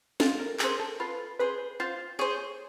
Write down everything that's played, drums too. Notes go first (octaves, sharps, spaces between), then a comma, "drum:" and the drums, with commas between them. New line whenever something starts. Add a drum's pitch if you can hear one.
F4 A4, drum: snare
A#4
G#4 A#4 C5, drum: clap
A4
F4 B4
G#4 B4 C5
F4 C5
G#4 C5 C#5